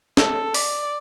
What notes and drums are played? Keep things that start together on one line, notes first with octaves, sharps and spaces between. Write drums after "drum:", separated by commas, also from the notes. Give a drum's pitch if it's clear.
A4, drum: snare
D5, drum: open hi-hat